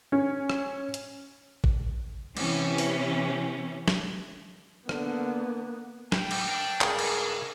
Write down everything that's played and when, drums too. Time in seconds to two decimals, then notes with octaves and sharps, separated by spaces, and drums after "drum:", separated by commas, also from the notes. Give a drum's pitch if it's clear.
0.12 C#4
0.50 drum: rim click
0.94 drum: hi-hat
1.64 drum: kick A1
2.37 C3 E3 C#4, drum: cymbal
2.78 drum: open hi-hat
3.88 drum: snare
4.89 D3 A#3 B3, drum: rim click
6.12 A2 G3 G5, drum: snare
6.31 drum: cymbal
6.49 D4 A#4
6.81 C#2 G2 C#3 G#4 A#4, drum: clap
6.99 drum: cymbal